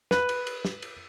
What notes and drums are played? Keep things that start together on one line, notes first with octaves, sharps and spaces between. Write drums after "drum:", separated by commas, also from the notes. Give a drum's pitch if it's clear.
B4, drum: snare
drum: cymbal
drum: cymbal
drum: snare
drum: cymbal